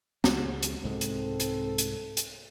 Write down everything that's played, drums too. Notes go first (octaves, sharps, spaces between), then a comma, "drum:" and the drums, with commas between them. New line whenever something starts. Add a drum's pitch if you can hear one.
C#2 C#3 G#3, drum: snare
drum: hi-hat
C2 G#2 G#3 C4 A4
drum: hi-hat
drum: hi-hat
drum: hi-hat
drum: hi-hat